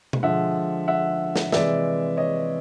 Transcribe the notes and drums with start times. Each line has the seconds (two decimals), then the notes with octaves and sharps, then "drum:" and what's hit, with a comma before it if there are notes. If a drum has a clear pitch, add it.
0.13 drum: tom B2
0.22 D3 F3 G#3 E5 F#5
0.88 E5 F#5
1.36 drum: snare
1.52 C3 E3 G#3 D5 E5, drum: snare
2.17 C#5 D#5